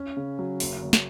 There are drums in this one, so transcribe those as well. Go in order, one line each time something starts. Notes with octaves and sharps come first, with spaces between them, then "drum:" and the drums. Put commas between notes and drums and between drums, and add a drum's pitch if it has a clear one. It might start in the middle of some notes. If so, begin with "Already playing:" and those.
Already playing: C#4
C#3
F#3
F#1, drum: open hi-hat
F#1
drum: snare